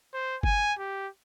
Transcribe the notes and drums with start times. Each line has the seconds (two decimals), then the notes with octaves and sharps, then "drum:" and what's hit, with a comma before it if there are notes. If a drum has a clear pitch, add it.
0.14 C5
0.43 G#5, drum: kick G1
0.79 G4